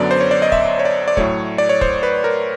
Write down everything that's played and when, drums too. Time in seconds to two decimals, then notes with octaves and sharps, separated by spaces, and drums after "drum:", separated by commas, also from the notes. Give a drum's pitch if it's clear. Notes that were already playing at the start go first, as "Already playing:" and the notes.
Already playing: F#2 D3 F#3 B3 D5
0.11 C5
0.20 C#5
0.31 D5
0.42 D#5
0.52 E5, drum: kick
0.79 C#5
0.85 D5
1.08 D5
1.17 A2 F#3 A3 C#5, drum: kick
1.58 D5
1.69 C#5
1.81 C5, drum: kick
2.03 B4
2.24 A#4